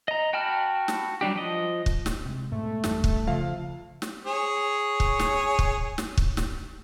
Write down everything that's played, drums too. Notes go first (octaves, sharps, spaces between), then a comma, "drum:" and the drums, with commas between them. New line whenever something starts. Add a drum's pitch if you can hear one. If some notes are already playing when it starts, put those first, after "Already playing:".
D#5 A#5
F#4 G5 A5 B5 F6
drum: snare
F#3 G3 D4 G4
F3 D#5
drum: kick
drum: snare
C3 G#3
G#2 B2 G#3 A3
G1 E2 G2, drum: snare
drum: kick
C#3 F3 F5
drum: snare
G#4 C#5
drum: kick
drum: snare
drum: kick
drum: snare
drum: kick
drum: snare